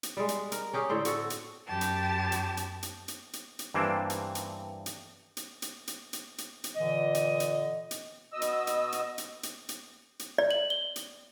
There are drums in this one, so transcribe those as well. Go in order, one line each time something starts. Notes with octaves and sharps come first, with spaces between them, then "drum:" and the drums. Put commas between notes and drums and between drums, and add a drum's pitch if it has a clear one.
drum: hi-hat
G3 G#3
drum: hi-hat
A#4, drum: hi-hat
C#4 G4 G#4
A2 D3 C4 C5
D3 F#4 A4, drum: hi-hat
drum: hi-hat
F#2 G4 A5
drum: hi-hat
drum: hi-hat
drum: hi-hat
drum: hi-hat
drum: hi-hat
drum: hi-hat
drum: hi-hat
G2 E3 A#3 C4 D4
drum: hi-hat
drum: hi-hat
drum: hi-hat
drum: hi-hat
drum: hi-hat
drum: hi-hat
drum: hi-hat
drum: hi-hat
drum: hi-hat
A#2 D3 E3 D#5
drum: hi-hat
drum: hi-hat
drum: hi-hat
B2 D#5 E6
drum: hi-hat
drum: hi-hat
drum: hi-hat
drum: hi-hat
drum: hi-hat
drum: hi-hat
drum: hi-hat
D5
F#7
G7
drum: hi-hat